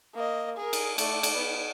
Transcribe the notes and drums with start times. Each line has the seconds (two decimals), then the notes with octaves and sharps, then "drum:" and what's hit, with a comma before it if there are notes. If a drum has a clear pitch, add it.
0.15 A#3 D#5
0.57 G#4 A#4
0.73 drum: cymbal
0.98 A3 D5, drum: cymbal
1.23 drum: cymbal
1.35 B3